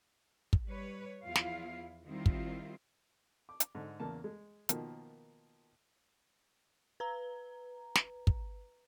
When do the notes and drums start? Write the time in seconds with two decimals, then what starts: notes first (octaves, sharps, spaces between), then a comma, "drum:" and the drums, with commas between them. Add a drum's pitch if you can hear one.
0.53 drum: kick
0.68 G3 B4 C#5
1.24 E2 F3 E4 F4 F5
1.36 drum: snare
2.06 D#3 G3 C4 E4 F4
2.26 drum: kick
3.49 D6
3.60 drum: hi-hat
3.75 G#2 D3
4.00 E2 C#3 A#3 A5
4.24 G#3
4.69 B2 D#3 F3 A#3, drum: hi-hat
7.00 B4 A#5
7.95 drum: snare
8.27 drum: kick